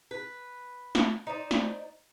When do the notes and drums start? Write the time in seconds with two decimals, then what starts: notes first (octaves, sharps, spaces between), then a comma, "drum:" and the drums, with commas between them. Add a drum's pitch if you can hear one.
0.11 B4
0.95 drum: snare
1.27 D#4 C5 D5
1.51 drum: snare